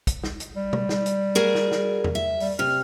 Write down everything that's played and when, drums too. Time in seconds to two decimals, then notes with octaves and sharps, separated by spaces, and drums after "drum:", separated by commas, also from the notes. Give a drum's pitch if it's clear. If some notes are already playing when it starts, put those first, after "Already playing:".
0.07 drum: kick, hi-hat
0.24 drum: snare
0.40 drum: hi-hat
0.56 G3
0.73 drum: tom B2
0.89 drum: snare
1.06 drum: hi-hat
1.35 F#4 G#4 A#4
1.55 drum: snare
1.72 drum: snare
2.04 drum: tom E2
2.15 E5
2.40 G3, drum: open hi-hat
2.59 C3 F6